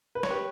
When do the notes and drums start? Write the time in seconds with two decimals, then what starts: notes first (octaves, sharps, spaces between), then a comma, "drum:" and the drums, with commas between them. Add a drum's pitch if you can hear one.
0.15 B4
0.23 C#5, drum: snare
0.30 G4 B4